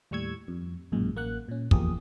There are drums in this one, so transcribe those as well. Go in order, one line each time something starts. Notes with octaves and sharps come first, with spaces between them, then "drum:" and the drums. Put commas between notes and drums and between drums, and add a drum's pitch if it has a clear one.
D#2 A2 G3 C#6 E6 G#6
F2
A1 F#2 A#2 G#3
A1 A#3 F#5 F#6
A#2 C#4
E2 F3 A#3 G4 G#4 D#6, drum: kick